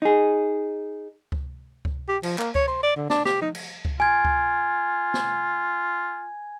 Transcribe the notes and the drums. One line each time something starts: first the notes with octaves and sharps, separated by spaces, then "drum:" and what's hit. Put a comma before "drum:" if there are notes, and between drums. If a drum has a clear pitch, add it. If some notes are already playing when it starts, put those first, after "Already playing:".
D#4 G#4
drum: kick C#2
drum: kick C#2
G4
F3, drum: cymbal
A#3, drum: clap
C#5, drum: kick C#2
C5
D5
D3
D4, drum: snare
G4, drum: snare
D#4, drum: tom F3
drum: cymbal
drum: kick C#2
F4 G#5 G#6
drum: kick C#2
drum: snare